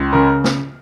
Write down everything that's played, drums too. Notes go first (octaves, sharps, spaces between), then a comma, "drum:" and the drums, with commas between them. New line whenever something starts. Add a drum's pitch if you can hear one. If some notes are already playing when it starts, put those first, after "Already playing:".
Already playing: C#2
C#3 A#4
drum: snare